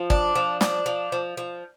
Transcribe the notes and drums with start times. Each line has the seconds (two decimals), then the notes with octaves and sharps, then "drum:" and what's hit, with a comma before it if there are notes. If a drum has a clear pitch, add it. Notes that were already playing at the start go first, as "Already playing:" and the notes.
Already playing: F3
0.10 D4, drum: kick
0.35 F3
0.61 D4, drum: snare
0.86 F3
1.12 F3
1.37 F3